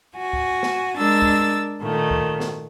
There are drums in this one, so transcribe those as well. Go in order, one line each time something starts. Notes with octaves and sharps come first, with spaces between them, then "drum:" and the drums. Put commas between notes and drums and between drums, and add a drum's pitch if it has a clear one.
F#4 G#5
drum: kick C#2
drum: snare
G#3 D4 A#4 E6 A6
drum: kick C#2
A#2 D#3 A3
drum: kick C#2
drum: snare